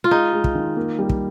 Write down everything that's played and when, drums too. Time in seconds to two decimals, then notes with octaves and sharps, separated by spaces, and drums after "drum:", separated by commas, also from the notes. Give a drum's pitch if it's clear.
0.04 F4
0.11 G#3 D#4
0.33 G#3
0.44 drum: kick
0.55 D#3
0.77 A#3
0.99 G3
1.09 drum: kick